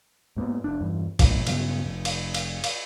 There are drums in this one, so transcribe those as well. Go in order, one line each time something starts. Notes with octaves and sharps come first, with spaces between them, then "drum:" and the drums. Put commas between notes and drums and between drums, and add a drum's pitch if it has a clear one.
G#2 A#3 B3
F1 D4
E2 G2
A#1 G2 A#2, drum: kick G#1, cymbal
G2 C#3 F#3 B3, drum: cymbal
F1
drum: cymbal
drum: cymbal
drum: cymbal